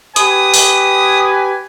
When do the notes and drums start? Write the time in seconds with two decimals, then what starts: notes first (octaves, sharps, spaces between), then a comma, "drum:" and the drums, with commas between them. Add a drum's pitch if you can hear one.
0.16 G4 B4 G#5 D#6, drum: hi-hat
0.54 drum: open hi-hat